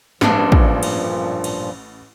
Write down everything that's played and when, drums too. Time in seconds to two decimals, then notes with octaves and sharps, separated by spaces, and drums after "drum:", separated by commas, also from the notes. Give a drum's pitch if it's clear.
0.21 A1 G2 A#2 F3 G#3 D4, drum: snare G#3
0.52 drum: kick
0.83 drum: cymbal
1.44 drum: cymbal